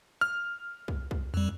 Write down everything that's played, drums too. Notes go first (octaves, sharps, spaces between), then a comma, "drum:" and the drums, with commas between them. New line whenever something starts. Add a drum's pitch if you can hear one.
F6
drum: kick
drum: kick
F2 G3